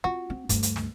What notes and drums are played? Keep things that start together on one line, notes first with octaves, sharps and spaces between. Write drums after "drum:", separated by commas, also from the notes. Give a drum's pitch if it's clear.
C4 F4 F#4
C4
D2 G2, drum: kick, hi-hat
drum: hi-hat
drum: snare